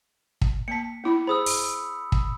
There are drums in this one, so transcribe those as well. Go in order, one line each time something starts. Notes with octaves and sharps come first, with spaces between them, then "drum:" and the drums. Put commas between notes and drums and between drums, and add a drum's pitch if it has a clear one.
drum: kick
A#3 A5 B6 C#7
B3 E4 B5
G#4 C5 B5 D#6 E6
drum: open hi-hat
drum: kick